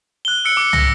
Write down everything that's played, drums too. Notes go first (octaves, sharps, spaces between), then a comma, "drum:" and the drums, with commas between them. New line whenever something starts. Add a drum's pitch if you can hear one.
F#6 G7
E6 C#7 D7
D6
A#6, drum: tom